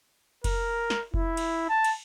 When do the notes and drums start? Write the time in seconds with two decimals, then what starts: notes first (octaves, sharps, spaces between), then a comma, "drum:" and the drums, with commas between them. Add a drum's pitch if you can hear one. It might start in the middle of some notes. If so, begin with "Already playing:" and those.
0.44 A#4, drum: kick F1, cymbal
0.90 drum: snare
1.14 E4, drum: kick F1
1.37 drum: cymbal
1.69 A5
1.84 drum: cymbal